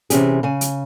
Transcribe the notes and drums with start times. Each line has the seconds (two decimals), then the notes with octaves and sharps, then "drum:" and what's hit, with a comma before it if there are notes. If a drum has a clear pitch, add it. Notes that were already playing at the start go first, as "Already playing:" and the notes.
0.10 C3 E3 C#4 G4 G#4, drum: hi-hat
0.43 C#3 G#5
0.61 drum: hi-hat